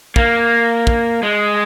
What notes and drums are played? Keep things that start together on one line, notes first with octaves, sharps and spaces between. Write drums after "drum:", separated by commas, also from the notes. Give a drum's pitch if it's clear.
A#3, drum: kick
drum: kick
G#3